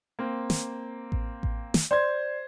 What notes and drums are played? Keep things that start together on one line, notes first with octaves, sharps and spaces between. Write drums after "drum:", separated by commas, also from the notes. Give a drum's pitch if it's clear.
A#3 C4
drum: snare
drum: kick A1
drum: kick A1
drum: snare
C5 D5 C6 G#6